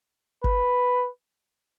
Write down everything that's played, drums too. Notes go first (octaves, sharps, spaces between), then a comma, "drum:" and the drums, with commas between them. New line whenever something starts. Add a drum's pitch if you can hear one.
B4, drum: kick G1